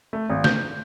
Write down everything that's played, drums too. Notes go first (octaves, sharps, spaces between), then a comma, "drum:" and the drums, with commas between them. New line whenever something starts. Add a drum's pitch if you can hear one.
A3
G#1
G6, drum: snare